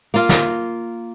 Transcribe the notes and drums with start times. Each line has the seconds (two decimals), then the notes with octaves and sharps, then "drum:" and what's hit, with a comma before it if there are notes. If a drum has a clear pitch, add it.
0.14 A#3 F4
0.29 drum: snare